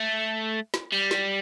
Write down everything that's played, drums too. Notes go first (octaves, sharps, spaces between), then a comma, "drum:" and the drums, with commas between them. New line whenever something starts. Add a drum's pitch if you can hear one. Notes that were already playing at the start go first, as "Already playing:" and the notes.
Already playing: A3
drum: snare
G3
drum: snare